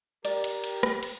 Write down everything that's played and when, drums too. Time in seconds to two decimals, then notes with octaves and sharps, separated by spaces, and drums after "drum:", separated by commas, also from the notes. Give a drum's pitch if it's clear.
0.25 G4 A#4 D5, drum: cymbal
0.44 drum: cymbal
0.64 drum: cymbal
0.83 drum: rim click
1.03 drum: cymbal